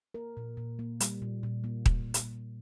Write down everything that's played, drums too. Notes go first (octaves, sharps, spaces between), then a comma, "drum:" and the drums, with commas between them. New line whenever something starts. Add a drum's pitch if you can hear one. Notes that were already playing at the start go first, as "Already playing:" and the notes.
A#3 A#4
A#2
A#2
A#3
G3, drum: hi-hat
A#2
A#2
A#3
drum: kick D#1
drum: hi-hat